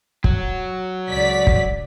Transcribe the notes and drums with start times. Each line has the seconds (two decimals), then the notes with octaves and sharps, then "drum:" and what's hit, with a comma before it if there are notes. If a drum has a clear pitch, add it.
0.24 F#3, drum: kick
1.11 C#2 D5 B6
1.47 drum: kick